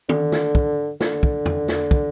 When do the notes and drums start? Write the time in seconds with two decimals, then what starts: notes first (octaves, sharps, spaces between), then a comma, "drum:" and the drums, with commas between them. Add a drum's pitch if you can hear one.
0.09 D3, drum: tom
0.32 drum: snare
0.55 drum: kick
1.01 D3, drum: snare
1.23 drum: kick
1.46 drum: tom E2
1.68 drum: snare
1.91 drum: kick